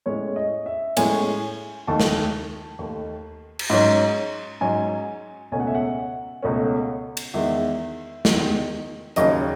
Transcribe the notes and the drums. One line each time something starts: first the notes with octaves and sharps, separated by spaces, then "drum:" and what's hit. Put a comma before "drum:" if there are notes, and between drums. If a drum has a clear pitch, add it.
A2 G#3 C#4 C#5
D#5
E5
A2 G#3 C#4 G#5, drum: cymbal
D#2 D#3 A3 A5
drum: snare
D#2 D#3 A3
drum: cymbal
G#2 F#3 C#4
G#2 F#3 C#4 G#5
C#2 B2 A3 C#4 G#5
F#5
E5
F#5
C#2 B2 A3 C#4
drum: cymbal
E2 D#3 G#3 E5
E2 D#3 G#3 D#5, drum: snare
D#2 C#3 F#3 D#5, drum: hi-hat
C#5